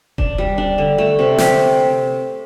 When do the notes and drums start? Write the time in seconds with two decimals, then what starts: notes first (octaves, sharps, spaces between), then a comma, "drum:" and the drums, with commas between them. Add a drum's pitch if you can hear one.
0.18 D4, drum: kick E1
0.38 G3
0.58 D4
0.78 D3
0.98 A3
1.19 C3
1.38 G4, drum: snare